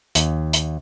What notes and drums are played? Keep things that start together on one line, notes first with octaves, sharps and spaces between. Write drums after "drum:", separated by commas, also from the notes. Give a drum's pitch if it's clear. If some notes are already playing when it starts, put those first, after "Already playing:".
D#2, drum: hi-hat
drum: hi-hat